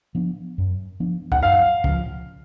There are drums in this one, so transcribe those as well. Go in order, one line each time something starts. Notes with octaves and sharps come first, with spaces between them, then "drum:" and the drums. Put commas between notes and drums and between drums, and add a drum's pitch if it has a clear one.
F3 B3 D4
F#2
F3 B3 D4
F#5, drum: kick C#2
F#2 F5
C#3 F3, drum: kick C#2